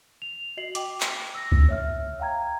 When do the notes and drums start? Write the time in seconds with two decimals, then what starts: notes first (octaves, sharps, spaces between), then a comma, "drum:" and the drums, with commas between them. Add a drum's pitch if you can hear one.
0.22 F7
0.57 F#4 D#5 C7 F#7
0.75 G5 D6, drum: hi-hat
1.01 drum: clap
1.35 E6 A#6
1.52 drum: kick C#2
1.69 C#5 E5 F6
2.20 F5 G5 A#5 G#6